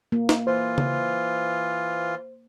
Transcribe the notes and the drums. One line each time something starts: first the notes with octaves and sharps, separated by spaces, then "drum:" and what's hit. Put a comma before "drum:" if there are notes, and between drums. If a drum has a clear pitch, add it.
A#3
drum: snare
E3 F4 C5
drum: tom C#3